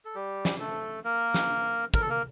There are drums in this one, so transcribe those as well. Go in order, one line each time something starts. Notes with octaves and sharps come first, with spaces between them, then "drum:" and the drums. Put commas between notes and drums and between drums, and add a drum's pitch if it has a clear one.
A4
G3 G4
drum: snare
A3 A4
A#3 A#4
drum: snare
A#4, drum: kick
A4
A#3 A#4